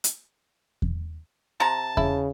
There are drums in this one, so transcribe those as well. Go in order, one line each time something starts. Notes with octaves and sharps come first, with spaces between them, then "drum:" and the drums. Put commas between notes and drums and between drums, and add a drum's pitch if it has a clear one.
drum: hi-hat
drum: kick E2
C3 A5 A#5
C#3 E4, drum: kick E2